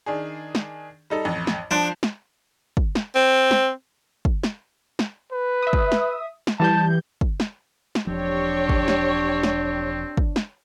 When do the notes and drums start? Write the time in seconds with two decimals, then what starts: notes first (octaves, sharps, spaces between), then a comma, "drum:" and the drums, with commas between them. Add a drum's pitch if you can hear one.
0.06 D#3 D4 G#4
0.55 drum: snare
1.10 G3 D#4 A4
1.25 A1 F2
1.47 drum: snare
1.71 F3 D4 C5 F#6
2.03 drum: snare
2.77 drum: kick
2.95 drum: snare
3.15 C4
3.51 drum: snare
4.25 drum: kick
4.44 drum: snare
4.99 drum: snare
5.32 B4
5.62 E5 D#6
5.73 drum: kick
5.92 drum: snare
6.47 drum: snare
6.60 E3 G3 A5 G6
7.21 drum: kick
7.40 drum: snare
7.95 drum: snare
8.07 E1 F3 C4 D4 G4 C#5
8.69 drum: kick
8.88 drum: snare
9.43 drum: snare
10.17 drum: kick
10.36 drum: snare